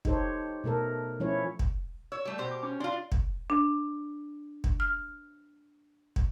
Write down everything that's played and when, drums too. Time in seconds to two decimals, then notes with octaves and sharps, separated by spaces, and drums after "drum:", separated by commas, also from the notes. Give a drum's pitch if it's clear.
0.05 D#4 G4 A4 C5 C#5, drum: kick
0.64 B2 A3 A4 A#4
1.20 F3 A3 C#4 E4 C#5
1.59 drum: kick
2.12 C#5 E6
2.25 G3 A3
2.38 B2 G4 C5
2.51 D6
2.63 C#4
2.80 D4 F4 C6
3.12 drum: kick
3.50 D4
4.64 drum: kick
4.80 F6
6.16 drum: kick